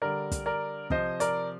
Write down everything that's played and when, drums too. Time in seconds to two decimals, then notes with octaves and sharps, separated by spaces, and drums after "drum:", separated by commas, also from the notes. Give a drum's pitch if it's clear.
0.02 D3 G3 A#4 D5
0.32 drum: kick, hi-hat
0.46 A#4 D5
0.90 C3 F3 C5 D#5, drum: kick
1.20 A#4 D5, drum: hi-hat